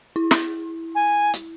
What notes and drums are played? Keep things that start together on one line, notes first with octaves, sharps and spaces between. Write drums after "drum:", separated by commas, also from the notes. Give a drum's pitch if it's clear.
E4
drum: snare
G#5
drum: hi-hat